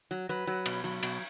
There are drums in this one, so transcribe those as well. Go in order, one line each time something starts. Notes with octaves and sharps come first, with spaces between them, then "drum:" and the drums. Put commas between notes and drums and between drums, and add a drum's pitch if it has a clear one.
F#3
F#3 B4
F#3
B2, drum: cymbal
F#3
B2, drum: cymbal